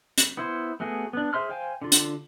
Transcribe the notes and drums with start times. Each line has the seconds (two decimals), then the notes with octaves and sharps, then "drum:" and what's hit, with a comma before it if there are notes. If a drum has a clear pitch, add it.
0.18 drum: hi-hat
0.37 B3 E4 C5
0.80 A3 B3 F#4 G#4
1.13 B3 D4
1.33 G#4 C5 E5 C6 F6
1.49 C5 F5 G5 G#5
1.82 D3 F4
1.92 drum: hi-hat